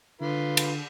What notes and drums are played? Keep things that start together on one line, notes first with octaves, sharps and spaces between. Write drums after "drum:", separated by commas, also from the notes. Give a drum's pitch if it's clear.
D3 F4 B4
drum: cymbal